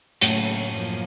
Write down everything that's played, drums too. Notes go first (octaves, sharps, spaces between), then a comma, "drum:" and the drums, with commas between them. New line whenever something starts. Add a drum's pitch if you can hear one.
A2 C#3 F#3 A#3 C#4 A4, drum: hi-hat
F#2 F3 A#3